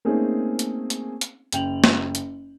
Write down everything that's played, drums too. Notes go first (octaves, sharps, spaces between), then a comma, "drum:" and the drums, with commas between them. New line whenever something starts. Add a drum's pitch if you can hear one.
A3 A#3 C4 C#4 D#4 G#4
drum: hi-hat
drum: hi-hat
drum: hi-hat
F#1 G5 F7 F#7, drum: hi-hat
drum: snare
drum: hi-hat